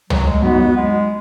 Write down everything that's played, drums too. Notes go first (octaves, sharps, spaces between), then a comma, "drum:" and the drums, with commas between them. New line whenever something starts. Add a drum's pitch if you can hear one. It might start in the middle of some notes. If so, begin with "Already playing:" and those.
F#3, drum: tom C#2
G#3
F#2 F#3 B3 D#4 F#4
G#3